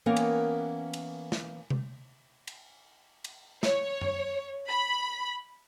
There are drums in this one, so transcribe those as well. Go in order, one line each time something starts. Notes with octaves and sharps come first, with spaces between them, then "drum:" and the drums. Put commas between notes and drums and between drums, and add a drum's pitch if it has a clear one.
E3 A#3 B3 C#4 A#4 G5
drum: cymbal
drum: cymbal
drum: snare
drum: tom C3
drum: cymbal
drum: cymbal
C#5, drum: snare
drum: tom F#2
B5